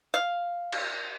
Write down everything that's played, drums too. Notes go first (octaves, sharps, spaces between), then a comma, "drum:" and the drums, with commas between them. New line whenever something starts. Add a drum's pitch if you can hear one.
F5
drum: cymbal